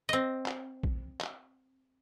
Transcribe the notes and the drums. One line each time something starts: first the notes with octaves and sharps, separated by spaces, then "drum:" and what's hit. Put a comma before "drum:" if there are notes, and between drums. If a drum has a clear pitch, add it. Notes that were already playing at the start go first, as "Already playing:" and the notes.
C4 D#5
drum: clap
drum: kick A#1
drum: clap